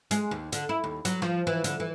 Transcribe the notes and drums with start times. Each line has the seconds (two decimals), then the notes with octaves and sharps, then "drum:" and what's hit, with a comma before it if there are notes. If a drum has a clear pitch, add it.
0.11 G#3, drum: hi-hat
0.31 D#2
0.52 D3, drum: hi-hat
0.69 E4
0.84 D#2
1.05 F#3, drum: hi-hat
1.22 F3, drum: rim click
1.47 E3
1.64 D3, drum: hi-hat
1.80 E3